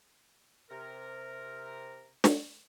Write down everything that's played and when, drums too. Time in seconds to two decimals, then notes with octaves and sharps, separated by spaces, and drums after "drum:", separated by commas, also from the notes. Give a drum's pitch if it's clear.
0.70 C3 A#4
2.24 drum: snare